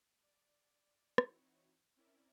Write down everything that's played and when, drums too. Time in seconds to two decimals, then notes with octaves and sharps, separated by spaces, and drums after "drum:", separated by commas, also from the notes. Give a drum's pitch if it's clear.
0.23 D5
1.18 E3 C4 D#4 E4 F#4 C#5, drum: rim click
1.96 C4 C#4 E4 A#4 D5 E5